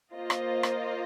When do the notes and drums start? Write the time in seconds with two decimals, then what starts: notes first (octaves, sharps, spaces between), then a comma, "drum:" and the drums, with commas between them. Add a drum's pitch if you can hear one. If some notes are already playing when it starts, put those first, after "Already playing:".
0.13 A#3 F4 C5 D#5
0.30 drum: rim click
0.63 drum: rim click